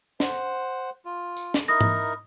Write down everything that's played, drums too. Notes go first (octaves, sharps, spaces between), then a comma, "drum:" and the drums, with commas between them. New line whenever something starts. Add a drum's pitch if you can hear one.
C5 F#5, drum: snare
F4
drum: tambourine
drum: snare
D#4 E4 A#4 D#6 A#6
drum: tom G#2